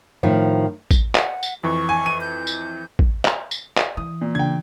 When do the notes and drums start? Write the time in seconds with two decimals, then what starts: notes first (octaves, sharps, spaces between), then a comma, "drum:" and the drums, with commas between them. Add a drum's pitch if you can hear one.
0.23 A2 D#3 F3
0.91 drum: kick A1, tambourine
1.15 F#5, drum: clap
1.43 drum: tambourine
1.63 F2 E3 C#6
1.89 G#5
2.06 D#7
2.21 G6
2.47 drum: tambourine
2.99 drum: kick A1
3.25 drum: clap
3.51 drum: tambourine
3.77 drum: clap
3.97 E3 D#6
4.21 A#2
4.35 C#3 D4 G5 G#6